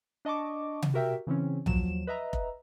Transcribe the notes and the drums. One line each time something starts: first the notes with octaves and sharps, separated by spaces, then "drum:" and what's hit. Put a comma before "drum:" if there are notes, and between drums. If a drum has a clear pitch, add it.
D4 D#5 A5 C#6 D6
drum: tom C3
F#4 G4 A#4 E5 G5
C#3 E3 C4 C#4
D#2 F3 F#3 E7, drum: tom B1
B4 D#5 E5 A#5
drum: kick F1